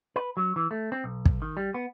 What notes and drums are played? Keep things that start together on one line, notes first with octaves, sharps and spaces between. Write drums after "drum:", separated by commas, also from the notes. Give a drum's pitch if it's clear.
B4
F#3
E3
A3
C4
B1
drum: kick
D#3
G3
B3